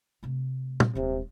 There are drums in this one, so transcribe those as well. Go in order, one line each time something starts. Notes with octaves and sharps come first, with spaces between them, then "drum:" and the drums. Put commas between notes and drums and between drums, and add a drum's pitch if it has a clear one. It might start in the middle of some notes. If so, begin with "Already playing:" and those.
C3 A3
drum: tom
D#1 C3 G#3